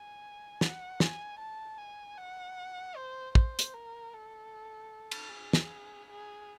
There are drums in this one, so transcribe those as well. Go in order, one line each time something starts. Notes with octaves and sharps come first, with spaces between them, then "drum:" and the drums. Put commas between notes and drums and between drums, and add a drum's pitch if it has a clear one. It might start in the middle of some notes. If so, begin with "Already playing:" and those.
Already playing: G#5
F#5, drum: snare
G#5, drum: snare
A5
G#5
F#5
C5
C5, drum: kick
drum: hi-hat
A#4
A4
drum: cymbal
G#4
drum: snare
G#4